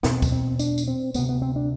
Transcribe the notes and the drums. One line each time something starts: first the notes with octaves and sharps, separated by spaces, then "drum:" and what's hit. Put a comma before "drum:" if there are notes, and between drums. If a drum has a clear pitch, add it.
E2 B2 C4, drum: snare
drum: kick, tambourine
C4
D4, drum: tambourine
drum: tambourine
C4
D2 C3 B3, drum: tambourine
B3
C4
D4